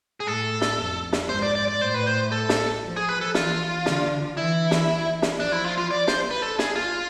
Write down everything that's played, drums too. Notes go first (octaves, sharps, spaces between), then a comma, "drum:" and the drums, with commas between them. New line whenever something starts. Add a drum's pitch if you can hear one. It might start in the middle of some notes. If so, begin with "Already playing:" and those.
G#4
A2 A4
drum: snare
F2
drum: snare
G#2 C5
D5
D5
D5
A2 C5
B4
C5
A4
drum: snare
F3
G#4
B4
A4
E3 F4, drum: snare
D3, drum: snare
E3 E4
drum: snare
drum: snare
F3 D4
E4
F4
F4
D5
C5, drum: snare
B4
A4
G#4, drum: snare
F4